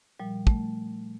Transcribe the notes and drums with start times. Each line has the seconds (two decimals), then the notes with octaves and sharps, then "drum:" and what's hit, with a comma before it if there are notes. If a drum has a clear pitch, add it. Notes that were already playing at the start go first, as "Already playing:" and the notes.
0.20 A#2 F3 G3
0.47 A3, drum: kick